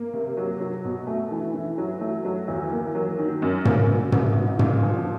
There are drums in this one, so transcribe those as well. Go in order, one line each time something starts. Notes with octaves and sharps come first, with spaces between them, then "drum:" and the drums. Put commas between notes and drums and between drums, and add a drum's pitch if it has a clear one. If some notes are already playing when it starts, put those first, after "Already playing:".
Already playing: A#3
C3
F#3
F#3
B2
A3
E3
E3
F#3
A3
F#3
E2
A#3
F#3
D#3
F#2
A#3, drum: tom
A#3
A1, drum: tom
G#2
A#2, drum: tom
F3